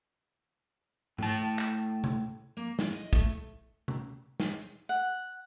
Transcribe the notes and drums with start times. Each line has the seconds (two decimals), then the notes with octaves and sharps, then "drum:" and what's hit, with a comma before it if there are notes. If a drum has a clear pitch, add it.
1.18 A2 A5, drum: tom G#2
1.59 drum: clap
2.04 drum: tom C3
2.57 A#3
2.79 E4, drum: snare
2.92 D#5
3.13 A3, drum: kick
3.88 drum: tom C3
4.40 drum: snare
4.89 F#5